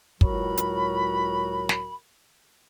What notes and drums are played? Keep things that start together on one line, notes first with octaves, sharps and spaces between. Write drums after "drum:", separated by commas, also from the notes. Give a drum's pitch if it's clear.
C#2 A2 F#3 F#4 A#4 B5, drum: kick
drum: hi-hat
drum: snare